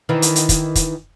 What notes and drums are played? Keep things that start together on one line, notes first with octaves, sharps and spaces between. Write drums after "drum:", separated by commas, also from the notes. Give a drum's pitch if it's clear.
D#3 E3
drum: hi-hat
drum: hi-hat
drum: kick, hi-hat
drum: kick, hi-hat